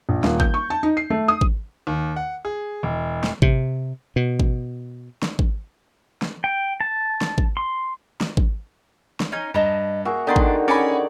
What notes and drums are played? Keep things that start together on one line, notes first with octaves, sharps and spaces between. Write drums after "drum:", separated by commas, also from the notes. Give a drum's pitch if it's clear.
A#1
D#1, drum: snare
G6, drum: kick
C#6
A5
D#4
C7
A3
D#6
drum: kick
D#2
F#5
G#4
E1
drum: snare
C3, drum: kick
B2
drum: kick
drum: snare
drum: kick
drum: snare
G5
A5
drum: snare
drum: kick
C6
drum: snare
drum: kick
drum: snare
C#4 D#4 G#5
G2 D#5 A5 A#5
A#3 F#4 G#4 E5
D3 D#3 B3 D4 D#4 C6
drum: kick
C#4 C#5 D5 G#5 A#5 B5